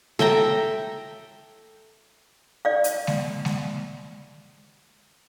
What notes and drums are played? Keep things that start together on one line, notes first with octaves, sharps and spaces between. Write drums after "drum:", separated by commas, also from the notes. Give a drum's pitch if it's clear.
A4 E5 G5 A#5, drum: snare G#3
D5 F5
drum: hi-hat
drum: snare G#3
drum: snare G#3